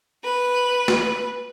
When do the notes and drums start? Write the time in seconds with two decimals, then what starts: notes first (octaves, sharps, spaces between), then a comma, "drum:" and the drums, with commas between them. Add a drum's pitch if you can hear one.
0.24 B4
0.88 drum: snare